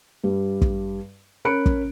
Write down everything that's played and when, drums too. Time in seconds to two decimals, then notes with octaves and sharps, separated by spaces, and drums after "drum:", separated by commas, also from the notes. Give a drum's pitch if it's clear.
0.24 G2 G3
0.62 drum: kick
1.45 C#4 A#4 B5 F#6 C#7 D7
1.66 drum: kick